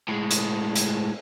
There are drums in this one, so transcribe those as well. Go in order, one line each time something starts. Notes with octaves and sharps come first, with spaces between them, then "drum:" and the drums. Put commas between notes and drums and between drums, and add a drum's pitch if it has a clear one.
A2 G#3
drum: hi-hat
drum: hi-hat